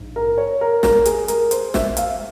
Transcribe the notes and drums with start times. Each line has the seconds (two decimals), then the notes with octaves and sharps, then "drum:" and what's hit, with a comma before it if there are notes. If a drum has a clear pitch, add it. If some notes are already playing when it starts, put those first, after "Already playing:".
Already playing: A#1 G#2
0.16 A#4
0.38 C#5
0.61 A#4
0.83 A#4, drum: snare
1.05 G#4, drum: hi-hat
1.28 A#4, drum: hi-hat
1.51 C5, drum: hi-hat
1.74 E5, drum: snare
1.97 F5, drum: hi-hat